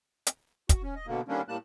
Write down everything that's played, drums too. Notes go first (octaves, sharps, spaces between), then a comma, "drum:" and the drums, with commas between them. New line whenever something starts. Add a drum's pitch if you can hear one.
drum: hi-hat
F#4, drum: kick, hi-hat
C#4
D#5
B2 D3 A#3
D3 D#3 G3 A#3 C#4 D4
A2 G3 A#3 A5 F#6